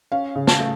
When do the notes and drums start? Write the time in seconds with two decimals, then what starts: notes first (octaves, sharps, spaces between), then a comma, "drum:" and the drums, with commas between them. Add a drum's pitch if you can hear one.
0.12 C#4 F5
0.35 C#3
0.47 A5, drum: snare
0.60 A3